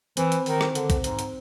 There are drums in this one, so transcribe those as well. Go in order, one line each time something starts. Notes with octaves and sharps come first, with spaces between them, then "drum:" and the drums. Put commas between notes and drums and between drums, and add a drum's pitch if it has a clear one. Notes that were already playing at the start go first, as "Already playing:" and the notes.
E3 C4, drum: hi-hat
drum: hi-hat
D#3, drum: open hi-hat
drum: rim click
D3, drum: hi-hat
drum: kick, hi-hat
G#2, drum: hi-hat
drum: hi-hat